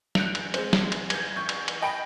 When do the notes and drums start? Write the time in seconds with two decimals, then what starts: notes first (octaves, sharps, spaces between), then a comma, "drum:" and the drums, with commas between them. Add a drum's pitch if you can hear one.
0.15 F#6 G6 C#7 D7 F7, drum: snare
0.35 drum: cymbal
0.54 G#3 C4, drum: cymbal
0.73 drum: snare
0.92 drum: cymbal
1.10 G6 G#6, drum: cymbal
1.36 A1 C#6 G6
1.49 drum: cymbal
1.68 drum: cymbal
1.82 D#5 G5 B5 D7